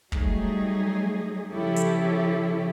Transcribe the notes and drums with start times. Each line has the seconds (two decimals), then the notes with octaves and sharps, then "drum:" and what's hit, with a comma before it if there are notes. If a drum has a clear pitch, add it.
0.12 F#3 G3 A3 D#4 G#4, drum: kick
1.52 C#3 F3 C#4 E4 G4 A4
1.76 drum: hi-hat